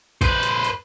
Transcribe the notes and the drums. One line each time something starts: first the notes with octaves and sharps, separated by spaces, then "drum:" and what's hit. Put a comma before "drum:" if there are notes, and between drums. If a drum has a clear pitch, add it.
B4 C5, drum: kick A1, hi-hat
drum: hi-hat
drum: hi-hat